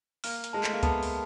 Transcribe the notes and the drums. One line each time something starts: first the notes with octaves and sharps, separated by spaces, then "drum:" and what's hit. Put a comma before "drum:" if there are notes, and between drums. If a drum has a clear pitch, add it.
A#3 F6, drum: open hi-hat
drum: hi-hat
G#3 A5
A3, drum: clap
A#3
B3 A5, drum: kick C#2, hi-hat
drum: open hi-hat